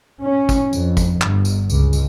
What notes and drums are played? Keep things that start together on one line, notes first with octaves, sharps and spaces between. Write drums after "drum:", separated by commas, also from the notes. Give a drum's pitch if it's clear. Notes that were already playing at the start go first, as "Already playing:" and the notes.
C#4
drum: kick G#1, tambourine
F2, drum: tambourine
drum: kick G#1, tambourine
G1, drum: clap
drum: tambourine
C#2, drum: tambourine
drum: tambourine